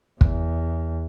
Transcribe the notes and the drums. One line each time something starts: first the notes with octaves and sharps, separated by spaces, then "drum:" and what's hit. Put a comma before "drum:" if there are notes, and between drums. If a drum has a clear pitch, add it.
E2, drum: kick